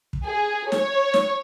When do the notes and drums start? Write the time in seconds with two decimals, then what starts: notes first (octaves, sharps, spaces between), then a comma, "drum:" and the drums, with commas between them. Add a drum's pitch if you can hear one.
0.13 drum: kick
0.25 G#4
0.72 C#5, drum: snare
1.14 drum: snare